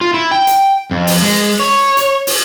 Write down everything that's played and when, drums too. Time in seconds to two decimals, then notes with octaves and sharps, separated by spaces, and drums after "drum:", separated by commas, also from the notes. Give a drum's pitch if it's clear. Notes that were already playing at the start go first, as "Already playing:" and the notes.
0.01 F4
0.14 E4
0.31 G5
0.47 drum: hi-hat
0.91 F2
1.07 drum: open hi-hat
1.22 G#3
1.60 C#5
1.97 drum: hi-hat
2.27 drum: open hi-hat